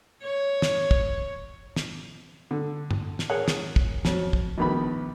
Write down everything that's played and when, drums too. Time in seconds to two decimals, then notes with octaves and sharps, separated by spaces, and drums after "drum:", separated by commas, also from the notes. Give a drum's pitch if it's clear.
0.22 C#5
0.62 drum: snare
0.91 drum: kick
1.76 drum: snare
2.51 D3
2.91 drum: tom G2
3.19 drum: snare
3.30 G#4 A#4 C#5 F#5
3.48 drum: snare
3.76 drum: kick
4.05 F2 F#3, drum: snare
4.33 drum: kick
4.58 A#1 B2 D#3 B3 B5